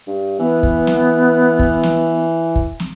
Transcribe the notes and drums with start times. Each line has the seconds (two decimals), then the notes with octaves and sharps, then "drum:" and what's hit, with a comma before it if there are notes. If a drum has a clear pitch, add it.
0.07 G2
0.39 E3 B3
0.63 drum: kick
0.87 drum: snare
1.59 drum: kick
1.83 drum: snare
2.56 drum: kick
2.80 drum: snare